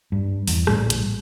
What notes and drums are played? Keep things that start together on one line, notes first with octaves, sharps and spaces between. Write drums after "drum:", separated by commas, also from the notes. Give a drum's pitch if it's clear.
G2
E2, drum: open hi-hat
A#1 A2 G3, drum: rim click
drum: hi-hat